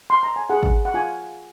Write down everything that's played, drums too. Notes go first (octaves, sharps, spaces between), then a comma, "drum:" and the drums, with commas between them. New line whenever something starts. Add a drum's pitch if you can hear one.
C6
A#5
G#5
G#4 F#5
drum: kick
F#5
F4 G#5